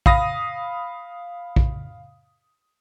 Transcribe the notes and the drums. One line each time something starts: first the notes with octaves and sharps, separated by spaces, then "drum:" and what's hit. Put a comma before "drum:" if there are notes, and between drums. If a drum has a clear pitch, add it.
F5 B5 D#6 A#6, drum: kick A#1
drum: kick A#1